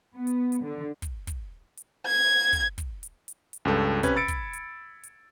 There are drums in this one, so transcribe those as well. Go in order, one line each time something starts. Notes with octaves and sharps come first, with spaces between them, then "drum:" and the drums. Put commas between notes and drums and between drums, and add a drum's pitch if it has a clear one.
B3
drum: hi-hat
drum: hi-hat
D3
drum: kick, hi-hat
drum: kick, hi-hat
drum: hi-hat
G#6
drum: kick, hi-hat
drum: kick, hi-hat
drum: hi-hat
drum: hi-hat
drum: hi-hat
C#2 G2 A4
C3 C#4 B4 G#6, drum: kick, hi-hat
B5 E6 A6 C#7 D7
drum: kick, hi-hat
drum: hi-hat
drum: hi-hat